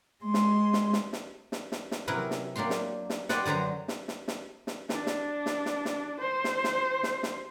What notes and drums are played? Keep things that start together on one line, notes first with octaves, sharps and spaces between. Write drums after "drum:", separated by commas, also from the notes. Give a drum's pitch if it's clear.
G#3 C6
drum: snare
drum: snare
drum: snare
drum: snare
drum: snare
drum: snare
drum: snare
C3 F#3 C#4 E4 A#4 B4
drum: snare
F#3 A#3 D4 G4 C6
drum: snare
drum: snare
G4 B4 C5 D5 D#5 F#5, drum: snare
F#2 D3 F#3 C5 A#5
drum: snare
drum: snare
drum: snare
drum: snare
D4, drum: snare
drum: snare
drum: snare
drum: snare
drum: snare
C5
drum: snare
drum: snare
drum: snare
drum: snare